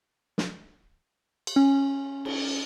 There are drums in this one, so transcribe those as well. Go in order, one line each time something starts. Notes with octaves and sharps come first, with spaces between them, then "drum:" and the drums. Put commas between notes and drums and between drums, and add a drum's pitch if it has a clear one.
drum: snare
drum: cymbal
C#4
drum: cymbal